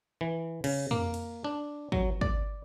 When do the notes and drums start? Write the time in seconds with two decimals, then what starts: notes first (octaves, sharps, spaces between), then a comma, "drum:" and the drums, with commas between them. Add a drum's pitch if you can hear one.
0.21 E3
0.64 C#3, drum: cymbal
0.91 A#3, drum: tom F2
1.14 drum: cymbal
1.44 D4
1.92 F#3, drum: kick
2.21 D5, drum: kick